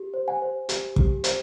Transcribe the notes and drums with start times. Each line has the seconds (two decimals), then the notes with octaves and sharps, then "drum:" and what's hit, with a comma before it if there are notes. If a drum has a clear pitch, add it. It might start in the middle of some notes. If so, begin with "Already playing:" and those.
Already playing: G4
0.14 C5
0.28 F#5 G#5
0.42 C5
0.69 G4, drum: hi-hat
0.96 G4, drum: kick
1.24 C5, drum: hi-hat